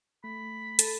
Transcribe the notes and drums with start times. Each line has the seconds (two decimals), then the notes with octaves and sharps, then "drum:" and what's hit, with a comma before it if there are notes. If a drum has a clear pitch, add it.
0.24 A3 B5
0.79 A4, drum: hi-hat